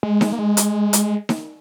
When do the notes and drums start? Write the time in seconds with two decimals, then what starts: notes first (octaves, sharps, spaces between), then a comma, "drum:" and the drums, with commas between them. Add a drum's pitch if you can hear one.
0.03 G#3
0.21 drum: snare D#4
0.33 A#3
0.39 G#3
0.57 drum: hi-hat
0.93 drum: hi-hat
1.29 drum: snare D#4